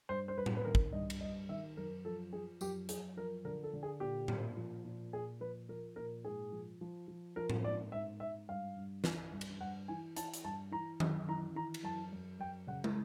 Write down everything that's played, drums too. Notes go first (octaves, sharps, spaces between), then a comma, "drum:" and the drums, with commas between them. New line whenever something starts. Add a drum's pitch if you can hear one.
G2 C5
C5
G2 B4
drum: tom A2
B4
D#3 A#4
drum: kick
G2 D#5
drum: cymbal
G2 D#5
D#3 E5
F#2 A#4
F3 A4
F3 G#4
F#2 G4, drum: tambourine
F#2 G#4, drum: hi-hat
F3 A#4
D3 A#4
A4
D3
G#4
A#2 G4
A#2, drum: tom A2
F3
A#2
A#2 G#4
F3 B4
F3 A#4
A#2 A#4
G#2 G#4
F3
F3
F3
F3 A#4
drum: tom A2
G#2 D5
G#2 E5
G#2 E5
G2 F5
G2
E3, drum: snare
G2
drum: cymbal
G2 F#5
E3 G#5
E3 A5, drum: hi-hat
drum: hi-hat
G2 A5
E3 A#5
F#2, drum: tom D#3
E3 A#5
E3 A#5
drum: cymbal
F#2 A5
F#2
F#2 G5
C#3 F#5
drum: tom